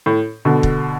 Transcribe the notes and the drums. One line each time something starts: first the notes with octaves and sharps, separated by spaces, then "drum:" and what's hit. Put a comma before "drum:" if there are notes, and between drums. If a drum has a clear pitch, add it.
A2
B2 D3
drum: kick